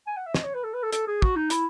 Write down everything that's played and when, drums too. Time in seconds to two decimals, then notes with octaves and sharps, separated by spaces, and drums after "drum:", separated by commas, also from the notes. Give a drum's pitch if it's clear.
0.07 G#5
0.17 F#5
0.26 E5
0.34 D#5, drum: snare
0.44 C#5
0.54 B4
0.64 A4
0.74 B4
0.83 A4
0.93 A4, drum: hi-hat
1.07 G#4
1.22 F#4, drum: kick
1.36 D#4
1.50 E4, drum: hi-hat